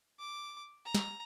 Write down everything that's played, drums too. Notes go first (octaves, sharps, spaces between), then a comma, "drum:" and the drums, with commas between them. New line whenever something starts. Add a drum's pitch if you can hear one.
D6
A#5
drum: snare